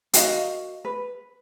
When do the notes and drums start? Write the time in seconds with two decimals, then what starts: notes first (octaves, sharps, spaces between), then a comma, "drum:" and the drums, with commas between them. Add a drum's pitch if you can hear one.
0.13 F#4 A#4 D#5 F5, drum: hi-hat
0.85 B4